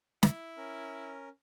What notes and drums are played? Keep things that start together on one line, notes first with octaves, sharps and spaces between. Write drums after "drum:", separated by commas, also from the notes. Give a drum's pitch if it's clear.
E4, drum: snare
C#4 A#4